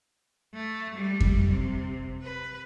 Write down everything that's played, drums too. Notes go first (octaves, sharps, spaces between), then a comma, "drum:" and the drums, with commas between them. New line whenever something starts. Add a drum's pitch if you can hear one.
A3
G3
drum: kick F2
C3
B4